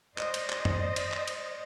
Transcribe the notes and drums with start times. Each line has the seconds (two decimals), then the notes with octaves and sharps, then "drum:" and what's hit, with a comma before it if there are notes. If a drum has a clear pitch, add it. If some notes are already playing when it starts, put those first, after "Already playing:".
0.18 C5 D5 D#5, drum: clap
0.34 drum: cymbal
0.50 drum: clap
0.65 drum: tom F#2
0.96 drum: cymbal
1.12 drum: clap
1.28 drum: cymbal